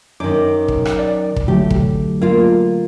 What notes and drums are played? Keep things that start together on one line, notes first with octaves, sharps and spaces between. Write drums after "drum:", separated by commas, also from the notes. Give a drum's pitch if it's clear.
F#2 D#3 D6
drum: kick
drum: rim click
D5
drum: kick
D3 F#3 A3 G4
drum: kick
A#3 F4